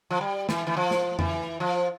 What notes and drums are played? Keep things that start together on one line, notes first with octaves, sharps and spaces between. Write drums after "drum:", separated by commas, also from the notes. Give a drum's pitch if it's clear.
F3
G3
E3, drum: snare
E3
F3
drum: snare
E3, drum: tom F2
F3